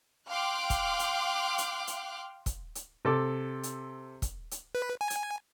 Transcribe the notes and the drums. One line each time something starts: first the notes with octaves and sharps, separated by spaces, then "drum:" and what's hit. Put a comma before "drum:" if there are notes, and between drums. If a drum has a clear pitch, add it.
F5 G5 C6 D6 F6 F#6
drum: kick, hi-hat
drum: hi-hat
drum: hi-hat
drum: hi-hat
drum: kick, hi-hat
drum: hi-hat
C3 A4 D6
drum: hi-hat
drum: kick, hi-hat
drum: hi-hat
B4
G#5
drum: hi-hat